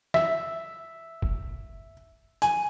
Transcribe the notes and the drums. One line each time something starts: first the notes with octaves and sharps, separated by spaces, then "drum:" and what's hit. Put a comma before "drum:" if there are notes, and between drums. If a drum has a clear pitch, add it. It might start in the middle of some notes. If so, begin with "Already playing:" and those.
E5, drum: snare
drum: kick
G#5, drum: hi-hat